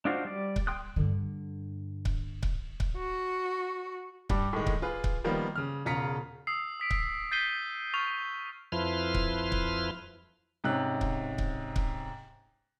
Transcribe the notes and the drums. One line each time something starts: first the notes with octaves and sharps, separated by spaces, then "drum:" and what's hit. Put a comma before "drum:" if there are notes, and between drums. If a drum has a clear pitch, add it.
D4 D#4 F4 F#4 C5
G3 D5
drum: kick C#1
G5 C6 D#6 F#6
G2 D3
drum: kick C#1
drum: kick C#1
drum: kick C#1
F#4
G2 G3 D6, drum: kick C#1
A2 D#3 G#3
drum: kick C#1
F4 G#4 B4
drum: kick C#1
D#3 F3 G3 A#3 B3
C#3 F6
E1 C#3 F4 A#5 B6 C#7
D#6 E6 C7
D#6 B6 D7
drum: kick C#1
G6 A6 B6 C7 D#7 G7
C#6 F6 A6 F7
F2 F3 E4 B4 C6 F6
drum: kick C#1
drum: kick C#1
G#2 C3 C#4 F#6
drum: kick C#1
drum: kick C#1
drum: kick C#1